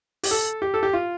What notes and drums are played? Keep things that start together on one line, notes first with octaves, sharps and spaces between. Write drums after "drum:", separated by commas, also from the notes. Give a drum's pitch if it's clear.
G4, drum: open hi-hat
A4
G4
A4
G4
F4